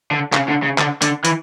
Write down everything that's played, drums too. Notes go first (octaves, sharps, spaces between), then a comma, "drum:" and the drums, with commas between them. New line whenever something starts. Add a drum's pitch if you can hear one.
D3
C#3, drum: clap
D3
C#3
D3, drum: clap
D3, drum: hi-hat
E3, drum: hi-hat